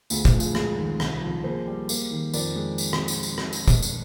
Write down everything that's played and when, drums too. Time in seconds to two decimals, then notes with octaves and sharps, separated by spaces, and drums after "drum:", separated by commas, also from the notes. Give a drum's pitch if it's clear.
0.10 D2 F4 G#4, drum: tambourine
0.25 F4 G#4, drum: kick, tambourine
0.33 F3
0.40 F4 G#4, drum: tambourine
0.55 G#3 F4 G#4, drum: rim click
0.78 D#3
1.00 C2, drum: rim click
1.21 F3
1.44 A#3 G#4 C5
1.67 G3
1.89 A#3, drum: tambourine
2.11 D#3
2.34 F2 A#4 D5, drum: tambourine
2.56 G#3
2.78 drum: tambourine
2.93 drum: rim click
3.08 drum: tambourine
3.23 drum: tambourine
3.38 drum: rim click
3.53 drum: tambourine
3.68 drum: kick, tambourine
3.82 drum: tambourine